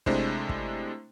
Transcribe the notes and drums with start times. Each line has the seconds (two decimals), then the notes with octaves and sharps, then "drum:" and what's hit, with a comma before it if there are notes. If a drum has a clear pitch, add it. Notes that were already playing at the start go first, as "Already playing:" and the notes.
0.06 C3 G#3 A3 D4 E4 C5, drum: kick
0.49 drum: kick